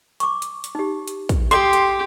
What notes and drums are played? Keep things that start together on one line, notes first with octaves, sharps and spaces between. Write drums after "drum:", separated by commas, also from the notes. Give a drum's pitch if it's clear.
C#6 D6, drum: hi-hat
drum: hi-hat
drum: hi-hat
D#4 G4
drum: hi-hat
drum: kick, hi-hat
G4 A4 C6, drum: hi-hat
drum: hi-hat